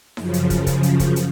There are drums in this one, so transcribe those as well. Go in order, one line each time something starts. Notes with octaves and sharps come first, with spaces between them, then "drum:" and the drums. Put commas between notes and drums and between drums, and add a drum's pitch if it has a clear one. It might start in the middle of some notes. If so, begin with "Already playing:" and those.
F#2 C#3 F3, drum: snare D#4
drum: hi-hat
drum: kick, hi-hat
drum: kick, hi-hat
drum: hi-hat
drum: kick, hi-hat
drum: hi-hat